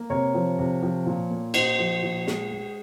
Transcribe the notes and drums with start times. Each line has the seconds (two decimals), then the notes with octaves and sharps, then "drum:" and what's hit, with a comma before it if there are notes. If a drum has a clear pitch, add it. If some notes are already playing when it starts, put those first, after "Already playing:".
Already playing: A#3
0.10 C3 A#4 C#5
0.34 F3
0.59 C3
0.82 F3
1.06 A#2
1.30 A#3
1.54 A#2 C5 D#5, drum: cymbal
1.79 F3
2.02 A#2
2.27 G#3, drum: snare
2.51 G#3